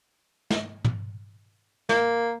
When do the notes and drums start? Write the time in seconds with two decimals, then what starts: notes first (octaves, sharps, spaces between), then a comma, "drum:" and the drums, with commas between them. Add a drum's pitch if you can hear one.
0.50 drum: snare
0.85 drum: tom
1.89 A#3, drum: snare